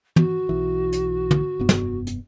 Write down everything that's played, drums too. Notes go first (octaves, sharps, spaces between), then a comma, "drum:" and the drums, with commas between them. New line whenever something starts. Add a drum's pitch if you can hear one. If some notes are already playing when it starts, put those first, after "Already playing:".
F#4, drum: tom
B1 E3
drum: hi-hat
drum: tom
F1 G2 B3
drum: snare
drum: hi-hat